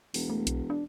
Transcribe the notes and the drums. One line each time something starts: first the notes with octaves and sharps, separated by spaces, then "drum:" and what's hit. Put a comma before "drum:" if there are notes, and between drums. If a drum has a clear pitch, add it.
E1, drum: open hi-hat
A3
B1, drum: hi-hat
D4